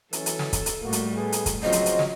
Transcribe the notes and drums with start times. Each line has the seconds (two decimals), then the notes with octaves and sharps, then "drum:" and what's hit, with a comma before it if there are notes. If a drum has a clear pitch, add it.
0.13 E3 F#3 C#4 A4, drum: hi-hat
0.26 drum: hi-hat
0.39 drum: snare
0.53 drum: kick, hi-hat
0.66 drum: hi-hat
0.82 A2 G3 A#3 F#4
0.93 drum: hi-hat
1.14 A3 B3 G#4
1.32 drum: hi-hat
1.46 drum: kick, hi-hat
1.63 C#3 F3 F#3 C4 F#4 D#5
1.72 drum: hi-hat
1.86 drum: hi-hat
1.99 drum: snare